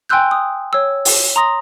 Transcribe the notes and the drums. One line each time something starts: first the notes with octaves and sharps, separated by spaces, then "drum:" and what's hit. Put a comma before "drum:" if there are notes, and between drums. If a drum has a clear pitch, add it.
G5 G#5 C6 E6 F#6 G6
D#6
C#5 E6
drum: open hi-hat
A#5 C6 D#6 A#6